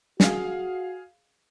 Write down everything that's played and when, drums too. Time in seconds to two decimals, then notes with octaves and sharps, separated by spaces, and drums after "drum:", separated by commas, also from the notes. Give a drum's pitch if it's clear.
0.20 F#4 G#4 F5, drum: snare